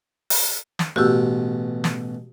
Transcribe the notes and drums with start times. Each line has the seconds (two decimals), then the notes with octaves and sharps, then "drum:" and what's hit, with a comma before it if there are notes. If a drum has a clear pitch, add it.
0.30 drum: open hi-hat
0.79 drum: snare
0.96 A1 B2 F#4 G4 E6
1.84 drum: snare